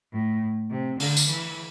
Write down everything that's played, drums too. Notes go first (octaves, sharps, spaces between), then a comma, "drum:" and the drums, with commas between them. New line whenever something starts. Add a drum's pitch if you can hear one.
A2
C3
D3, drum: open hi-hat
drum: tambourine
E3